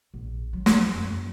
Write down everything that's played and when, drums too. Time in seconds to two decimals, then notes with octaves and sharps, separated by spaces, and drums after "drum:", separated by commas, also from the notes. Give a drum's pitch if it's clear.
0.14 A#1
0.53 F#3
0.66 F2, drum: snare
0.95 F#2